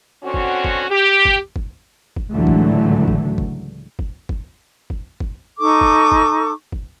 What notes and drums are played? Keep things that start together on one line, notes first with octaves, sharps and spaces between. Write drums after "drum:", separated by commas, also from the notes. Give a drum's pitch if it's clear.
D3 C4 C#4 F#4
drum: kick
drum: kick
G4
drum: kick
drum: kick
drum: kick
C#2 A2 D3 E3 F#3 A3
drum: kick
drum: kick
drum: kick
drum: kick
drum: kick
drum: kick
drum: kick
D#4 A4 C#6 D6
drum: kick
drum: kick
drum: kick